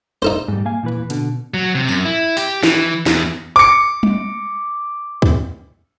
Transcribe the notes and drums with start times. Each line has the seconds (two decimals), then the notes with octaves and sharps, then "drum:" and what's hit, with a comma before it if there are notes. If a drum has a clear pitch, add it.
0.22 D#4 A4 C5
0.48 G#2 G3
0.65 A#3 F5 G#5
0.83 A#2 E3 B4
1.10 B2 D3, drum: hi-hat
1.54 F#3
1.75 C3
1.89 F#2, drum: tambourine
2.05 E4
2.37 G4, drum: open hi-hat
2.63 E3, drum: snare
3.06 E2, drum: snare
3.56 D6 C#7
4.03 drum: tom G3
5.22 drum: kick